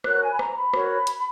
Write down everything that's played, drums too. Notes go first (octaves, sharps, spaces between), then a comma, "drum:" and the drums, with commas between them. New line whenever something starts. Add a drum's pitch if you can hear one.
F#4 A#4 C#5 F#6, drum: rim click
G#5
B5
A#5, drum: rim click
B5
F#4 A#4 C#5, drum: rim click
drum: hi-hat